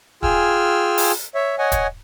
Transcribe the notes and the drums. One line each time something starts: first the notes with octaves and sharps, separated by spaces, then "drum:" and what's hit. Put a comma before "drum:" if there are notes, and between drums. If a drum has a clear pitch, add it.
F4 G#4 G5 G#5 E6 F6, drum: kick
drum: open hi-hat
C#5 E5
C#5 D#5 F#5 G#5
drum: kick, hi-hat